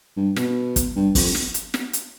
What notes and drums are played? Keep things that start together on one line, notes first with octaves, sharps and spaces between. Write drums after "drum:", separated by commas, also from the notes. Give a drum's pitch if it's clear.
G2
B2, drum: snare
drum: kick, hi-hat
G2
F2, drum: kick, open hi-hat
drum: snare
drum: hi-hat
drum: snare
drum: hi-hat